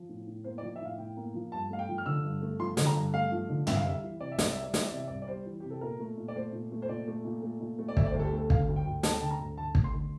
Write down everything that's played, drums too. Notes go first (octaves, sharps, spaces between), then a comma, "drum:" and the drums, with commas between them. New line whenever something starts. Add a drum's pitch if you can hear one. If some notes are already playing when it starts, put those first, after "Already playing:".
Already playing: F3
A2
A2
A#3 C5
D5
F3
E5
A2 F5
A2 G5
A#3
F3
G2 A5
A3 F5
G5
F3
F6
D3 E6
G2
A3
F3 C6
D3, drum: snare
A#5
G2
A3 F5
F3
D3
C2 E5, drum: tom
F5
G3 E5
E3
C3 D5
E5
C2 D5, drum: snare
G3 E5
D5
E3 E5, drum: snare
D5
C3 E5
C2 D5
D5
G3 C5
E3
C3 G4
A4
A#2 A#4
A3
A#2
D5
A3 C5
A#2
A3
C5
A#2 D5
A3
A#2
A3
A#2
A3
D5
D2 E5, drum: kick
D5
C5
D2
A4
G4
A3 A4
D3 F5, drum: kick
D2
G5
D2
A3 A5, drum: snare
G5
D3 A5
A#5
D2
D2 A5
A3, drum: kick
C6
D3